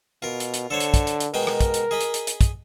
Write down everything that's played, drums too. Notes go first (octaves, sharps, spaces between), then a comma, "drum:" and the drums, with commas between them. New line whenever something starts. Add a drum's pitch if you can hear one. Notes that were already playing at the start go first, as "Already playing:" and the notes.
B2 F4 A#4
drum: hi-hat
drum: hi-hat
D3 A4 C5 C#5
drum: hi-hat
drum: kick, hi-hat
drum: hi-hat
drum: hi-hat
B2 G#3 A#4 G5, drum: open hi-hat
drum: rim click
drum: kick, hi-hat
drum: hi-hat
G#4 D#5 B5
drum: hi-hat
drum: hi-hat
drum: hi-hat
drum: kick, hi-hat